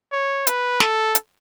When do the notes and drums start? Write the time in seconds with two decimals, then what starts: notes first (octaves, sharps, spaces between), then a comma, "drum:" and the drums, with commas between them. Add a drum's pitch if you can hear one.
0.12 C#5
0.47 B4, drum: hi-hat
0.80 A4, drum: snare
1.15 drum: hi-hat